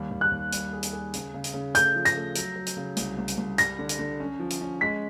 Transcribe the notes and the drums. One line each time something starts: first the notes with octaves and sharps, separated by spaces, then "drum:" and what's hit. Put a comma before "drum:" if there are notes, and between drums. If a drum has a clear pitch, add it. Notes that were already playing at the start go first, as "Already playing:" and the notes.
Already playing: D#2 G3
D#2
F#6
D#2
G3, drum: hi-hat
G#4
drum: hi-hat
G#4
C#3, drum: hi-hat
C#3
drum: hi-hat
C#3
A3 G6, drum: hi-hat
F3
A#6, drum: hi-hat
A3
F#3, drum: hi-hat
F#3
drum: hi-hat
C#3
C2, drum: hi-hat
C2
drum: hi-hat
C2
G3 A#6, drum: hi-hat
D3
drum: hi-hat
D3
C#4
F3
drum: hi-hat
C#4
G#3 B6